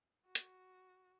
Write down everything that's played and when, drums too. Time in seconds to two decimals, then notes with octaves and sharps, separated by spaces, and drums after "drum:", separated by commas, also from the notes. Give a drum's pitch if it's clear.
0.26 F#4
0.35 drum: hi-hat